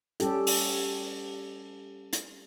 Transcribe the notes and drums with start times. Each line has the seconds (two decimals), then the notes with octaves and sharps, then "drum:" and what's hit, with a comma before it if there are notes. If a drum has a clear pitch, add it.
0.20 G3 C#4 G4 A4, drum: hi-hat
0.47 drum: open hi-hat
2.13 drum: hi-hat